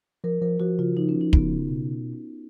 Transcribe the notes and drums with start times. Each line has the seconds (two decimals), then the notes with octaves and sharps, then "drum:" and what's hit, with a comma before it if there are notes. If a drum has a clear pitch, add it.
0.24 F3 A#4
0.42 F3 A#4
0.60 F3 F#4
0.79 C#3 F4
0.97 F3 D#4
1.09 C#4
1.15 F3
1.21 D#4
1.33 C#3 B3, drum: kick
1.51 C#3
1.69 B2